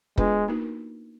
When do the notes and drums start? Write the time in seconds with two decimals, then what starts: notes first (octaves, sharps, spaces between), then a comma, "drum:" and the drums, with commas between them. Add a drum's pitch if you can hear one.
0.17 G#3 B3 D4 F4 B4, drum: kick
0.48 A#3 D#4 F#4 A#4